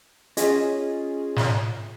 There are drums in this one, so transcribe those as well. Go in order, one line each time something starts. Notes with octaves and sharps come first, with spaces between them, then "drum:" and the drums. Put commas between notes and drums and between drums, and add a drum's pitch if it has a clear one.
C#4 F4 G#4 D#5, drum: hi-hat
drum: snare